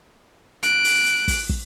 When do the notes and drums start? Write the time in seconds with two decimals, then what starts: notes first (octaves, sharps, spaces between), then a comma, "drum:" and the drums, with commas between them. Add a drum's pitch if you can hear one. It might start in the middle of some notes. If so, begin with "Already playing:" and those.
0.63 F#6 D7, drum: hi-hat
0.84 drum: open hi-hat
1.06 drum: hi-hat
1.28 drum: kick, open hi-hat
1.49 drum: kick